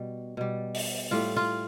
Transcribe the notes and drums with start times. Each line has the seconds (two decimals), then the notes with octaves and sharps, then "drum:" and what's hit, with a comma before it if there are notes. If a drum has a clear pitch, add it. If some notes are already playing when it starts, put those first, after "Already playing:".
Already playing: B2 G3
0.37 B2 G3
0.74 drum: open hi-hat
1.11 A2 G3 F4
1.36 F4